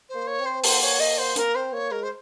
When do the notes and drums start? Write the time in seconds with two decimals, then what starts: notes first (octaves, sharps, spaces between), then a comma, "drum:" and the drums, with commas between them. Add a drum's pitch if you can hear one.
0.09 C5
0.15 A#3
0.27 C#5
0.40 C4
0.45 C5
0.64 A#3 C5, drum: open hi-hat
0.81 C#5
1.00 A#3 D#5
1.18 C5
1.36 A#3 A#4, drum: hi-hat
1.55 C4 C5
1.73 A#3 C#5
1.91 G#3 A#4
2.03 C5